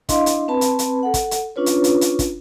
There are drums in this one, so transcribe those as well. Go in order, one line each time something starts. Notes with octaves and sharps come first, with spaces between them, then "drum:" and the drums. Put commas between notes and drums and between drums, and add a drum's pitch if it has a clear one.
D4 E4 D#5 F5 C6, drum: kick, hi-hat
drum: hi-hat
C4 B4 A5 B5
drum: hi-hat
drum: hi-hat
A4 F#5
drum: kick, hi-hat
drum: hi-hat
C#4 D4 F4 B4 C#5
drum: hi-hat
drum: hi-hat
drum: hi-hat
drum: kick, hi-hat